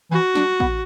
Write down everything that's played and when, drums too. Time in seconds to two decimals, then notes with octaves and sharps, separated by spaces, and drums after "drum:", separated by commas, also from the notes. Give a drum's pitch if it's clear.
0.11 E3 F#4
0.35 D4, drum: snare
0.60 B3, drum: kick A1